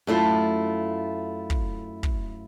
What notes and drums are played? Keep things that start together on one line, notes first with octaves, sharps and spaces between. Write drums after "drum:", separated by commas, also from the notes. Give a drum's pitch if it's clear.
F#2 A3 E4 F4
drum: kick
drum: kick